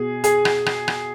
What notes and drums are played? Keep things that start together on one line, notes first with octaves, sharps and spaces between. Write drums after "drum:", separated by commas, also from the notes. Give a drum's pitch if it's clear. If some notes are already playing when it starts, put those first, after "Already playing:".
Already playing: B2 G#4
G#4, drum: hi-hat
drum: rim click
drum: rim click
drum: rim click